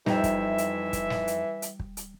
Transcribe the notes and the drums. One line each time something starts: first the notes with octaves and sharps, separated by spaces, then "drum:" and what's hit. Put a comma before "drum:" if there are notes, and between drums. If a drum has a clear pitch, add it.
F2 E3 G3 D#4 E5 G5, drum: snare
drum: kick, hi-hat
drum: hi-hat
drum: kick, hi-hat
drum: snare
drum: hi-hat
drum: hi-hat
drum: kick
drum: hi-hat